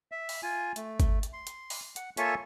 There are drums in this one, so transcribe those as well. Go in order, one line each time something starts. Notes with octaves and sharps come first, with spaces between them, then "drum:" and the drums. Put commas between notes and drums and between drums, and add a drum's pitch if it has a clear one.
E5
drum: open hi-hat
F4 G#5
A3, drum: hi-hat
drum: kick, hi-hat
drum: hi-hat
C6
drum: hi-hat
drum: open hi-hat
F#5, drum: hi-hat
A#3 F4 A4 C#5 E5 G#5, drum: hi-hat